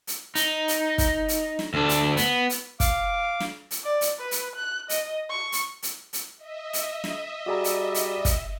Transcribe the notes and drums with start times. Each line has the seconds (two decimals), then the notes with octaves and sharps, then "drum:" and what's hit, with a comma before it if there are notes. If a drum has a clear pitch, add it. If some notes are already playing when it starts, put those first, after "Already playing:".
0.07 drum: hi-hat
0.35 D#4, drum: hi-hat
0.68 drum: hi-hat
0.98 drum: kick, hi-hat
1.28 drum: hi-hat
1.59 drum: snare
1.74 D2 D4
1.89 drum: hi-hat
2.17 B3, drum: hi-hat
2.50 drum: hi-hat
2.80 F5 D6, drum: kick, hi-hat
3.40 drum: snare
3.71 drum: hi-hat
3.84 D5
4.01 drum: hi-hat
4.20 B4
4.31 drum: hi-hat
4.56 F#6
4.89 D#5, drum: hi-hat
5.30 C#6
5.52 drum: hi-hat
5.83 drum: hi-hat
6.13 drum: hi-hat
6.37 D#5 E5
6.73 drum: hi-hat
7.04 drum: snare
7.46 G3 F#4 G#4 D5 A#5
7.64 drum: hi-hat
7.95 drum: hi-hat
8.25 drum: kick, hi-hat